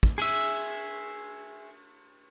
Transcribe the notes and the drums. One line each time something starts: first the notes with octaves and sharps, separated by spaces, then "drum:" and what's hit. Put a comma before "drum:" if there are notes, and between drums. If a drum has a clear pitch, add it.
drum: kick
G#4 E5, drum: cymbal